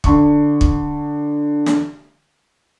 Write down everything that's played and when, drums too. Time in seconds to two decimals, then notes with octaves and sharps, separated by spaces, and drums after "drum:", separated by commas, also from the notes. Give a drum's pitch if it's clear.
0.04 D3 C#6, drum: kick
0.61 drum: kick
1.66 drum: snare